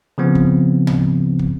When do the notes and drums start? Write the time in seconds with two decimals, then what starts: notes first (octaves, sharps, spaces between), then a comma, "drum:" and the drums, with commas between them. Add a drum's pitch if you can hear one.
0.18 C#3 F3 B3 C4
0.35 drum: kick
0.87 drum: tom
1.39 drum: kick